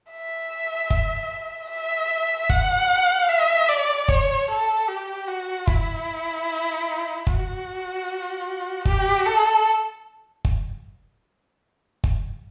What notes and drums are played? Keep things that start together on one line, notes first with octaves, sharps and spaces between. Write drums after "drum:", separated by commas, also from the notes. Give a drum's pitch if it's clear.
E5
drum: kick
E5
F#5, drum: kick
E5
D5
C#5, drum: kick
A4
G4
F#4
E4, drum: kick
F#4, drum: kick
G4, drum: kick
A4
drum: kick
drum: kick